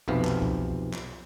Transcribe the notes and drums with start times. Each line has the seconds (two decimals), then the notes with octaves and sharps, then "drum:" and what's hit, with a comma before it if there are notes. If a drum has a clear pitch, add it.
0.08 B1 F2 C3 B3 F5
0.25 drum: clap
0.42 drum: kick C#2
0.94 drum: clap